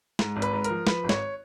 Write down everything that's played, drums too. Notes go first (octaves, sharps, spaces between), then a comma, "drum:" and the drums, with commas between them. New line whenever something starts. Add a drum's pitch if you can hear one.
G#2, drum: snare
G#1
B4, drum: hi-hat
G#2
A#4, drum: hi-hat
F3
F3 B4, drum: snare
G#1
C#5, drum: snare